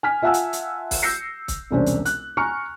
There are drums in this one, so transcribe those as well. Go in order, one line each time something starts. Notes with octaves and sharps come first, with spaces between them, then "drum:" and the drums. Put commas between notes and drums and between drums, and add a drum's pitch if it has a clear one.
G#5 F6 B6
F4 E5 F#5 G#5 A5 E6
drum: hi-hat
drum: hi-hat
drum: kick, open hi-hat
E6 G6 A#6 C7 C#7
drum: kick, hi-hat
E1 C2 C#4 D4 C5
drum: hi-hat
F#6, drum: hi-hat
G#5 A#5 C#6 F6 C#7